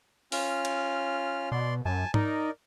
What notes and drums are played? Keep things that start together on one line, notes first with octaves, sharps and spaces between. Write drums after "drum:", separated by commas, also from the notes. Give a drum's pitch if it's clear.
C#4 F4 F6, drum: open hi-hat
drum: cymbal
B2 D5 C6
F#2 G#5 A5
D#4 A#4 D5, drum: tom G#2